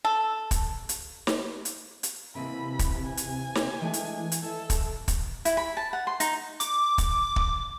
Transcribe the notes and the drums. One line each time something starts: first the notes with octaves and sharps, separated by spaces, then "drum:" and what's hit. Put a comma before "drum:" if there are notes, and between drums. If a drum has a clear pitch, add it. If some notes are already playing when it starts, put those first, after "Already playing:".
A4
drum: kick, hi-hat
drum: hi-hat
drum: snare
drum: hi-hat
drum: hi-hat
D#2 C3 E3 C4 B5
drum: kick, hi-hat
G#5
drum: hi-hat
drum: snare
E3 G#3 A3 D4
drum: hi-hat
drum: hi-hat
A4 E5 G#5
drum: kick, hi-hat
drum: kick, hi-hat
E4, drum: hi-hat
B5
A5
F#5
C6
D#4, drum: hi-hat
D6, drum: hi-hat
drum: kick, hi-hat
drum: kick